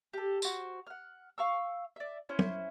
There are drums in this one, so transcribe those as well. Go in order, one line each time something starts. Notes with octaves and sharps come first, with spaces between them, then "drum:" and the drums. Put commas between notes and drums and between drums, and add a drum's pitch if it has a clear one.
G4 A4
F#4 C5, drum: tambourine
F#5 F6
F5 C#6 E6
D5 E5
C#4 E4 C5
drum: tom